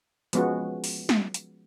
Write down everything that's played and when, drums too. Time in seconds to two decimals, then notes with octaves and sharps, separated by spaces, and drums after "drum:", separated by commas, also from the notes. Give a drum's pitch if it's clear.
0.33 F3 G#3 B3 C#4 F#4, drum: hi-hat
0.84 drum: open hi-hat
1.09 drum: snare
1.34 drum: hi-hat